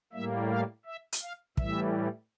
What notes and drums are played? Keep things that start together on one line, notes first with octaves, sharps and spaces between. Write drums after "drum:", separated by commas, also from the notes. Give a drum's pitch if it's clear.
A2 G3 A#3 E5
F5
E5
drum: hi-hat
F5
A2 E3 G3 E5, drum: kick